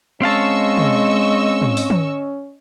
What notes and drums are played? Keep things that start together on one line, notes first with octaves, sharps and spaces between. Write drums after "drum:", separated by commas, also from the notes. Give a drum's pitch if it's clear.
G#3 C4 C#4 D#5 F5 A5 C#6 E6
drum: tom
drum: tom
drum: open hi-hat
drum: tom